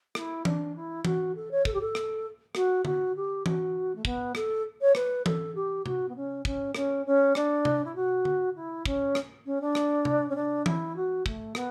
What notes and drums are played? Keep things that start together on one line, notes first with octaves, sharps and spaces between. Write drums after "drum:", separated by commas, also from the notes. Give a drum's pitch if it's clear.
E4, drum: rim click
D4, drum: tom E3
E4
F#4, drum: tom E3
A4
C#5
A4, drum: kick
G4
A4
drum: rim click
F#4, drum: rim click
F#4, drum: tom D3
G4
F#4, drum: tom E3
A3
B3, drum: kick
A4, drum: rim click
C#5
B4, drum: rim click
A4, drum: tom E3
G4
F#4, drum: tom C3
B3
C#4
C#4, drum: kick
C#4, drum: rim click
C#4
D4, drum: rim click
drum: tom C3
E4
F#4
drum: tom D3
E4
C#4, drum: kick
drum: rim click
C#4
D4
drum: rim click
drum: tom C3
C#4
D4
E4, drum: tom E3
F#4
A3, drum: kick
B3, drum: rim click